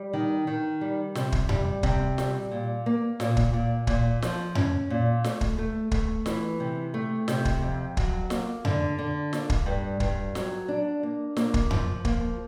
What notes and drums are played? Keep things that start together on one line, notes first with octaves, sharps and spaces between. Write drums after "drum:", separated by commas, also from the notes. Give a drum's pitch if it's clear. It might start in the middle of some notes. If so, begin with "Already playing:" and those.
Already playing: G3
D#3
D#3
G3
C3, drum: snare
drum: kick
G3, drum: tom F2
C3, drum: kick
G3, drum: snare
A#2
A#3
A#2, drum: snare
drum: kick
A#2
A#2, drum: kick
F3, drum: snare
C#4, drum: tom F2
A#2
A3, drum: snare
drum: kick
A3
A3, drum: kick
E3, drum: snare
C3
A3
C3, drum: snare
drum: kick
F2
F#3, drum: kick
A#3, drum: snare
D3, drum: tom F2
D3
A#3, drum: snare
drum: kick
G2
G2, drum: kick
F#3, drum: snare
D4
A#3
A#3, drum: snare
drum: kick
F3, drum: tom F2
A#3, drum: kick